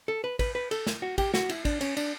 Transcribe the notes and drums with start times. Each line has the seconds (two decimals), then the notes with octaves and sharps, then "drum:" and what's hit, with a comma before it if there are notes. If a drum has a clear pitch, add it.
0.08 A4
0.24 B4
0.39 B4, drum: kick, cymbal
0.55 B4
0.71 A4, drum: cymbal
0.87 drum: snare
1.02 F#4
1.18 G4, drum: kick, cymbal
1.34 F#4, drum: snare
1.49 E4, drum: cymbal
1.65 D4, drum: kick, cymbal
1.81 C#4, drum: cymbal
1.97 D4, drum: cymbal